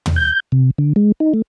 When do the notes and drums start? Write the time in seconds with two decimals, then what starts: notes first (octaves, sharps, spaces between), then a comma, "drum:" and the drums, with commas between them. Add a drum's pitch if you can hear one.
0.06 drum: tom
0.16 G6
0.52 C3
0.78 D3
0.96 G#3
1.20 D#4
1.34 A3